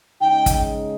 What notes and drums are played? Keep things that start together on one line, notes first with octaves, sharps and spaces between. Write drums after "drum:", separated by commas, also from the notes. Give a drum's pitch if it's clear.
C#3 G#3 D#4 G5
drum: kick, hi-hat